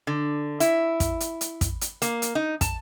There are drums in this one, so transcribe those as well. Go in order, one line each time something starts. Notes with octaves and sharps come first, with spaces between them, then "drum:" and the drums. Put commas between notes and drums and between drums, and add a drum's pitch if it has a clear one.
D3
E4, drum: hi-hat
drum: kick, hi-hat
drum: hi-hat
drum: hi-hat
drum: kick, hi-hat
drum: hi-hat
A#3, drum: hi-hat
drum: hi-hat
D#4
A5, drum: kick, hi-hat